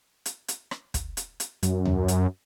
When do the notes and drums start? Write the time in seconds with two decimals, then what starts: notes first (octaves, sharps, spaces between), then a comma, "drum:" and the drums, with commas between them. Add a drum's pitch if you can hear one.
0.26 drum: hi-hat
0.48 drum: hi-hat
0.71 drum: rim click
0.94 drum: kick, hi-hat
1.17 drum: hi-hat
1.40 drum: hi-hat
1.63 F#2, drum: hi-hat
1.85 drum: tom D#2
2.08 drum: hi-hat